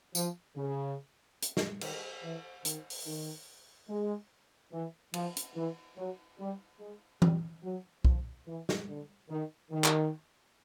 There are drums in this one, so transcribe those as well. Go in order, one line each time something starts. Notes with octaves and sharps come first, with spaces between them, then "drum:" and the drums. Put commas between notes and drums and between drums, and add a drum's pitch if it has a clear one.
F3, drum: tambourine
C#3
drum: hi-hat
drum: snare
D#3, drum: cymbal
E3
D#3, drum: hi-hat
drum: open hi-hat
D#3
G#3
E3
F3, drum: cymbal
drum: hi-hat
E3
F#3
G3
G#3
G3, drum: tom E3
F#3
F3, drum: kick B1
E3
drum: snare
D3
D#3
D#3
drum: clap